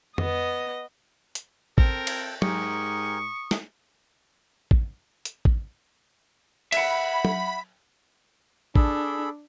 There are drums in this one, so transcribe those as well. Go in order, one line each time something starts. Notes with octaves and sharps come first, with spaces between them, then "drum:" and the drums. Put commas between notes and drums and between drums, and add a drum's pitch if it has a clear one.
B3 D#5, drum: tom F2
drum: hi-hat
C4 A4 A#4 G5, drum: kick A1
drum: cymbal
G#2 G4 A#4 G#5 C#6 D#6, drum: tom
drum: snare
drum: kick A1
drum: hi-hat
drum: kick A1
E5 F#5 B5, drum: cymbal
drum: tom
D4 G#4 A4 B5, drum: kick A1